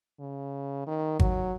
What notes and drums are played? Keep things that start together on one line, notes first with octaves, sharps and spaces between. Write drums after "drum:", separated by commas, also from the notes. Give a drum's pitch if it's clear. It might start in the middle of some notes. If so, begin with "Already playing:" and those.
C#3
D#3
F#3, drum: kick G#1